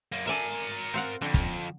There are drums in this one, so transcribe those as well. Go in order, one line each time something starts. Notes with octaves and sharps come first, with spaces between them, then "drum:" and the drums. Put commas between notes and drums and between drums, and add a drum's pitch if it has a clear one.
F#2 A#3
A4 A#4 D5 E5 G#5
C4 F5 F#5
F2 D3
drum: kick, hi-hat